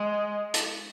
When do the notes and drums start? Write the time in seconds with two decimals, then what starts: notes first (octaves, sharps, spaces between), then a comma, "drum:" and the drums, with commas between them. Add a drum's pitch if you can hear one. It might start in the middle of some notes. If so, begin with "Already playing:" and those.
Already playing: G#3
0.54 drum: hi-hat